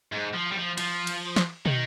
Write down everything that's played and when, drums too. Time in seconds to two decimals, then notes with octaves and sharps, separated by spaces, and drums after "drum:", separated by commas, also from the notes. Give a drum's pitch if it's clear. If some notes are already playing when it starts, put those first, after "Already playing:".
0.12 G#2
0.34 F3
0.51 G3
0.56 F3
0.78 F3, drum: cymbal
1.07 drum: cymbal
1.36 drum: snare
1.66 D#3, drum: tom